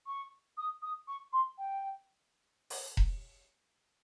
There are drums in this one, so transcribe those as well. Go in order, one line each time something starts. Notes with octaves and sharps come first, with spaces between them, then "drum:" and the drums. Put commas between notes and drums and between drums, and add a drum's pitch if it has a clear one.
C#6
D#6
D#6
C#6
C6
G5
drum: open hi-hat
drum: kick E1